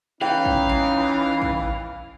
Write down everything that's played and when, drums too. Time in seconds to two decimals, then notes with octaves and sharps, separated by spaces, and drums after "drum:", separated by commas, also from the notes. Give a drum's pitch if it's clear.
0.21 E3 C#4 D#4 F5 G5
0.45 drum: kick
0.69 drum: snare
1.42 drum: kick